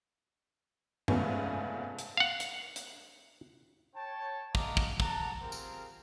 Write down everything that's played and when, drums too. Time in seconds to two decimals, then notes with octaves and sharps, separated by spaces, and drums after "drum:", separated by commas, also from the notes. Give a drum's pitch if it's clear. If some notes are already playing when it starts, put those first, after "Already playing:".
1.08 F1 C#2 G#2 A3 B3 C#4, drum: tom G2
1.99 drum: hi-hat
2.17 F5 F#5
2.40 drum: hi-hat
2.76 drum: hi-hat
3.96 C#5 G5 A5
4.55 A3 D#5 F5 F#5 A#5 D6, drum: kick
4.77 drum: kick
5.00 F#5 A5 A#5, drum: kick
5.42 C4 F4 G4 G#4 A#4
5.52 drum: tambourine